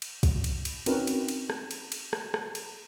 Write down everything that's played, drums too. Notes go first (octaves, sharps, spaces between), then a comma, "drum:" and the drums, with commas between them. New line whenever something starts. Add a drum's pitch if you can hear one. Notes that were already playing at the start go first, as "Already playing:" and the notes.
drum: cymbal
drum: kick, cymbal
drum: cymbal
drum: cymbal
C4 C#4 D#4 F#4 A#4 B4, drum: cymbal
drum: cymbal
drum: cymbal
drum: rim click
drum: cymbal
drum: cymbal
drum: rim click
drum: rim click
drum: cymbal